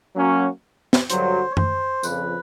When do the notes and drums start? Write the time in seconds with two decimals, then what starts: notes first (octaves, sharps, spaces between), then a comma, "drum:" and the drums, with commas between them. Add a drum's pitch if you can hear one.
0.15 F#3 A#3 C#4 F#4
0.93 drum: snare
1.10 G2 D3 F#3 C5, drum: hi-hat
1.51 C#5
1.57 C5, drum: tom F#2
2.03 F2 C#3 F3 B4, drum: tambourine